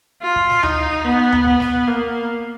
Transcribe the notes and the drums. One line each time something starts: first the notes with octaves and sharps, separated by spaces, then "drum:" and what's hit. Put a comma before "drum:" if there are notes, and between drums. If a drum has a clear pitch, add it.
F4
drum: kick
drum: snare
D#4, drum: tom D2
B3
drum: tom D2
B3, drum: kick
drum: snare
A#3